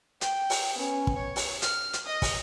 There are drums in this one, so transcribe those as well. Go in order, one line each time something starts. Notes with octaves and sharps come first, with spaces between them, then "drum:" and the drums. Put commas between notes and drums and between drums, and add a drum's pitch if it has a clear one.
G5, drum: hi-hat
drum: open hi-hat
B3 C#4
drum: kick
C#5
drum: open hi-hat
F6, drum: hi-hat
drum: hi-hat
D#5 D#6
drum: kick, open hi-hat